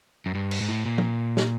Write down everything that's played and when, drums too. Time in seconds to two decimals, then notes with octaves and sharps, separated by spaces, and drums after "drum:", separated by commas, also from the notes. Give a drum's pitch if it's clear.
0.26 F#2
0.35 G2
0.51 drum: cymbal
0.61 G#2
0.69 A2
0.86 A#2
0.98 drum: tom
1.37 drum: snare